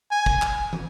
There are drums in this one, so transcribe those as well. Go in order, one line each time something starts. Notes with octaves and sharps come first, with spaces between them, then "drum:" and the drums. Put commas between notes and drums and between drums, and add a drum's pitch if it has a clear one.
G#5
drum: kick
drum: clap
drum: tom